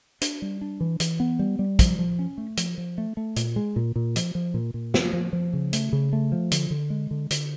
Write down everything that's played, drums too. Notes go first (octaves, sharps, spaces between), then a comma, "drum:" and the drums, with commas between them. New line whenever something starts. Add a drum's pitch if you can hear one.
D4, drum: hi-hat
G3
D4
E3
E3, drum: hi-hat
B3
G3
G3
F3, drum: kick, hi-hat
F3
C#4
A3
F3, drum: hi-hat
F3
A3
A3
A#2, drum: hi-hat
G#3
A#2
A#2
F3, drum: hi-hat
F3
A#2
A#2
F3, drum: snare
F3
F3
C#3
A3, drum: hi-hat
C#3
A3
F3
D3, drum: hi-hat
D3
G#3
D3
D3, drum: hi-hat